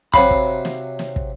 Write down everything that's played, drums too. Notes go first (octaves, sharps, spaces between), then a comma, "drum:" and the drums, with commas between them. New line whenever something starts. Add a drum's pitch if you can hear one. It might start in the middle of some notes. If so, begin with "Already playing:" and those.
C3 F#3 F5 B5, drum: kick
drum: kick
drum: snare
drum: snare
drum: kick